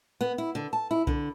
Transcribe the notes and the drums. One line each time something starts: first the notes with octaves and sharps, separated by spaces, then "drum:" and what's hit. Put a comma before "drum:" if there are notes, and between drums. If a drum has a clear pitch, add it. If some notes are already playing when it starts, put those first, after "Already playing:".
B3
E4
D3
A5
E4
D3, drum: kick B1